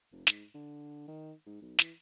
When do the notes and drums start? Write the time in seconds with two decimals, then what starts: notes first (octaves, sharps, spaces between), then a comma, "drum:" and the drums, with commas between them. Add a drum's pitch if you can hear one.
0.12 F1
0.27 G#2, drum: snare
0.55 D3
1.08 D#3
1.46 G#2
1.62 B1
1.79 E3, drum: snare